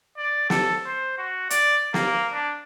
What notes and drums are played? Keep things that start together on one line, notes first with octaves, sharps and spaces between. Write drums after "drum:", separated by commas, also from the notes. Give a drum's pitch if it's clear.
D5
A4, drum: snare
C5
F#4
D5, drum: hi-hat
A#3, drum: snare
D4